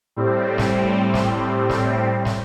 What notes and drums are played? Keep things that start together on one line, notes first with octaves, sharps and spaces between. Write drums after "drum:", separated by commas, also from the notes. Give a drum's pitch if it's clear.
A2 G3 C4
drum: snare
drum: snare
drum: snare
drum: snare